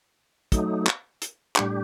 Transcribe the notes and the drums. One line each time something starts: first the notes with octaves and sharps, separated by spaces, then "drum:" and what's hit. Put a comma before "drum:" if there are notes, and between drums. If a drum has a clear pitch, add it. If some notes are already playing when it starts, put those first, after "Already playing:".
F#3 A3 D#4, drum: kick, hi-hat
drum: clap
drum: hi-hat
A2 G3 D4 G4, drum: clap